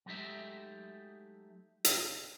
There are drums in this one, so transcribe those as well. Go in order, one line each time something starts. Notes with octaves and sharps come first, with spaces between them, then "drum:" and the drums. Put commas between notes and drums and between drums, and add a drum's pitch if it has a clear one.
F#3 G#3 A3 D#4 G4 E5
drum: hi-hat